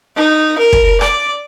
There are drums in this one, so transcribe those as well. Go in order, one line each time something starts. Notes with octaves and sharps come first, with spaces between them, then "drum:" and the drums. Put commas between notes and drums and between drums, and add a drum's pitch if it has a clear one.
D#4
A#4
drum: kick
D5, drum: rim click